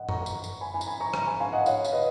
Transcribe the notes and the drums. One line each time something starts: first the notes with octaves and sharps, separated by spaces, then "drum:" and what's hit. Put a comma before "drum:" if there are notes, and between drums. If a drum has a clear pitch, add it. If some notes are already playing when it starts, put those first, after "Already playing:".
Already playing: D#5 F#5
A#5 C#6, drum: tom F#2
drum: tambourine
drum: tambourine
G#5 B5
G#5 B5
A#5, drum: tambourine
G#5 B5
A#5 C#6
A#5 C#6, drum: rim click
G#5 B5
F5 G#5
D#5 F#5
C#5 F5, drum: tambourine
C#5, drum: tambourine
B4 D#5